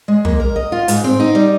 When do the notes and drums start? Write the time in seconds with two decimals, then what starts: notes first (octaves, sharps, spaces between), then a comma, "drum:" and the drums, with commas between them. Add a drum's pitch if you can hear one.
0.08 G#3
0.25 A#3, drum: tom
0.40 A#4
0.56 D#5
0.72 F4
0.88 G#2, drum: hi-hat
1.04 C4
1.20 D#4
1.35 G3